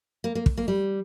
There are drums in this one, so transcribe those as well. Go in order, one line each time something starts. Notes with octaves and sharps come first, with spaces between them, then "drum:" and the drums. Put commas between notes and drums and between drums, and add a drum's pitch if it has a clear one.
A#3
A#3
drum: kick
A#3
G3